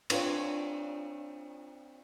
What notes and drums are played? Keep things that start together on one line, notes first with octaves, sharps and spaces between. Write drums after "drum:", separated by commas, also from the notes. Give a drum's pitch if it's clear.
C4 D4 F4 C#5, drum: cymbal